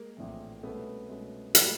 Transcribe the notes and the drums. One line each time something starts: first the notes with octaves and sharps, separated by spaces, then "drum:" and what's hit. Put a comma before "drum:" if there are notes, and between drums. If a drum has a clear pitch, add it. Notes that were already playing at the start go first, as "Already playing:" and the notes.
Already playing: G#3 A#3
A#1 A2 E3 A3 C4
C2 B2 G#3 A3 B3 C#4
C2 B2 G#3 C#4
A#2 F3 G3 A3 A#3 D#4, drum: hi-hat